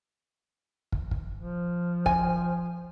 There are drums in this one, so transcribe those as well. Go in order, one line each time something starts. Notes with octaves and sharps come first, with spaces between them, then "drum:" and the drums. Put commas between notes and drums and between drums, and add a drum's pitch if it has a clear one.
drum: kick
drum: kick
F3
G#5, drum: kick